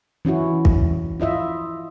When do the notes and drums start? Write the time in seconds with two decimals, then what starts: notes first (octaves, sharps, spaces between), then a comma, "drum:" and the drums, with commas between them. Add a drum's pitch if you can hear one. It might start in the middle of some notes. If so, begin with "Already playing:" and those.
0.25 E3 C#4 E4 F#4
0.65 drum: kick
1.20 E4 F4 D#5 E5